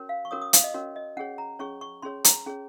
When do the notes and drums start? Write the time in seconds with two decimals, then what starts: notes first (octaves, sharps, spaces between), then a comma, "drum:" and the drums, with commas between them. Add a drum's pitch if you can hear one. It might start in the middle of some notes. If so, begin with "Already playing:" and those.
Already playing: C#4 F#4 A#4 C#5
0.09 F5
0.25 C#6
0.31 C#4 F#4 A#4 C#5 D#6
0.41 D#6
0.53 F5, drum: hi-hat
0.64 D#5
0.74 C#4 F#4 A#4 C#5
0.96 D#5
1.17 C#4 G#4 C#5 F#5
1.38 A#5
1.59 C#4 G#4 C#5 C#6
1.81 C#6
2.02 C#4 G#4 C#5 C6
2.24 A#5, drum: hi-hat
2.46 C#4 G#4 C#5